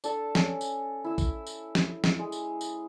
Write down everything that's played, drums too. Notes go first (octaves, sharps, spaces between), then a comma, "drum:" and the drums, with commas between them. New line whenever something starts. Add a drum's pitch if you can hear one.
D4 A4 A5, drum: tambourine
C#4, drum: snare
drum: tambourine
E4 E6
drum: kick, tambourine
drum: tambourine
drum: snare
drum: snare
G#3
drum: tambourine
drum: tambourine